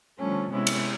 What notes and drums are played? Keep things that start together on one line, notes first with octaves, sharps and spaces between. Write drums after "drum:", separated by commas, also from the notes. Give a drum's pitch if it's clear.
D3 F3 G3 A3 C#4
C3 G#3 B3 C#4 E4
drum: cymbal